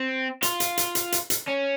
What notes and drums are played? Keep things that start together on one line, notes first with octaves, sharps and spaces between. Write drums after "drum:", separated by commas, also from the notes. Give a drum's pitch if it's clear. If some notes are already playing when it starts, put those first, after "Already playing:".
Already playing: C4
F4, drum: hi-hat
drum: hi-hat
drum: hi-hat
drum: hi-hat
drum: hi-hat
drum: hi-hat
C#4